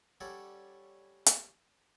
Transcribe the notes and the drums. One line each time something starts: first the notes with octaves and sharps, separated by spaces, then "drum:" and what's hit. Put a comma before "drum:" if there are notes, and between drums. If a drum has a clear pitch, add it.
G3 C#4 A4 C#5 D5 F#5
drum: hi-hat